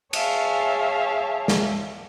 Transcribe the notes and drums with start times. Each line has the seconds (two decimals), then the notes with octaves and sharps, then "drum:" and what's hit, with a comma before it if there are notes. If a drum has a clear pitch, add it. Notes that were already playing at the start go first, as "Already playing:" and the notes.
0.13 G#4 C#5 E5 F5 A5, drum: cymbal
1.48 drum: snare